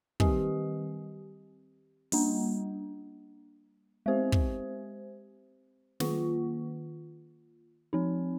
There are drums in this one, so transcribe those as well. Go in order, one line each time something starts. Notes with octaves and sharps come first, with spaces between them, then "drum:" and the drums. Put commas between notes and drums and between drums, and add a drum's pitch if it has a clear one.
D#3 G3 C4 G4, drum: kick
G3 A#3 D4, drum: open hi-hat
G#3 C4 G4 C5
drum: kick
D#3 A#3 F4, drum: snare
F3 C4 D#4